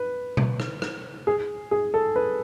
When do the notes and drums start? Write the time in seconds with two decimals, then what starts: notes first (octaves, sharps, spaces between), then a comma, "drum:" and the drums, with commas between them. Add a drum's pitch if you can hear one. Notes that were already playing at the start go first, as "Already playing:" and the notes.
Already playing: B4
0.37 drum: tom B2
0.60 drum: rim click
0.82 drum: rim click
1.27 G#4
1.71 G#4
1.94 A4
2.16 B4